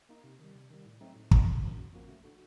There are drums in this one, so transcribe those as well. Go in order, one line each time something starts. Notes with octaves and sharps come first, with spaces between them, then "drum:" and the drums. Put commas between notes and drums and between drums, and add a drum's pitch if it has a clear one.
A#3 D#4
C3
D#3 G3
C3
D#3 G3
A2
F#3 A3 C4 D#4
A2
F#3 A3 C4 D#4, drum: kick
C#3
F3 A#3 C#4 F#4
C#3
F3 A#3 C#4 F#4
A3
D4 F#4 A4